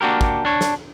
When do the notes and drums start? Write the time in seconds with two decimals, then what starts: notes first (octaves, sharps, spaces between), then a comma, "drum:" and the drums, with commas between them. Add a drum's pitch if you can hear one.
0.01 A#3 D4 F#4 G4 A#4
0.21 drum: kick
0.45 D4 C#5
0.61 drum: snare